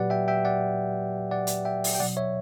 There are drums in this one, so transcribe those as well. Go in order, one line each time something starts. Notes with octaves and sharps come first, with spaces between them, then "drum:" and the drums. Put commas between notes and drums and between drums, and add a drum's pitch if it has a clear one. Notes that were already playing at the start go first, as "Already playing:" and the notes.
Already playing: A#2 F#3 G4 B4 D5 F#5
E5 G5
E5 G5
D5 F#5
D5 F#5
drum: hi-hat
E5 G5
drum: open hi-hat
G5
B2 F#3 D5 F#5
C#5 E5